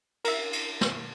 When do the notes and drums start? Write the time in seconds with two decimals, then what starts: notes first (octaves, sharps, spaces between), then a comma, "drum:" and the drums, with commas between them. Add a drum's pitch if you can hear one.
0.25 A#4 E5, drum: cymbal
0.53 drum: cymbal
0.81 drum: snare